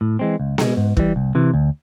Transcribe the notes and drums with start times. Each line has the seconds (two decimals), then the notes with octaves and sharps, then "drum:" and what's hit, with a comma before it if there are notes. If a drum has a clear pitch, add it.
0.01 A2
0.19 E3 G#3 C4
0.40 C#2
0.58 B2 G#3, drum: snare B3
0.77 G#2
0.97 E3 G3, drum: kick
1.16 C2
1.35 C3 E3
1.54 D2